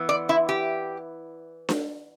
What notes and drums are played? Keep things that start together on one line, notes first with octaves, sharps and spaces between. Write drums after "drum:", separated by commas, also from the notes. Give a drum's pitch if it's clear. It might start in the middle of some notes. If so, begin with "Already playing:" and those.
Already playing: E3 B3
D5
E4
G4
drum: snare D4